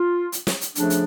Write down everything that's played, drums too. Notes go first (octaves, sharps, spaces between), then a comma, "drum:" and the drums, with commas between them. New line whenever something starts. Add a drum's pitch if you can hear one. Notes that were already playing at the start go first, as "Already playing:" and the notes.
Already playing: F4
drum: hi-hat
drum: snare
drum: hi-hat
F2 C#3 F3 A3 D4, drum: hi-hat
drum: hi-hat